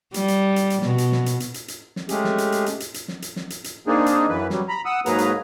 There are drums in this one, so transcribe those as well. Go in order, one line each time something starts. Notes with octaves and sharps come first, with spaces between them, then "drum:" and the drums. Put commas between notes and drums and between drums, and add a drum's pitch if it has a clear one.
G3, drum: hi-hat
drum: hi-hat
drum: hi-hat
drum: hi-hat
B2, drum: snare
drum: hi-hat
drum: snare
drum: hi-hat
drum: hi-hat
drum: hi-hat
drum: hi-hat
drum: snare
G#3 A3 C#4 G4 G#4, drum: hi-hat
drum: snare
drum: hi-hat
drum: hi-hat
drum: hi-hat
drum: hi-hat
drum: hi-hat
drum: snare
drum: hi-hat
drum: snare
drum: hi-hat
drum: hi-hat
A#3 C4 D4 D#4 G#4
drum: hi-hat
F#2 E3 B4
F#3 G3, drum: snare
A#5 B5
F#5 D#6 E6
G#2 F#3 A#3 G#4 B4 A#5, drum: hi-hat
drum: hi-hat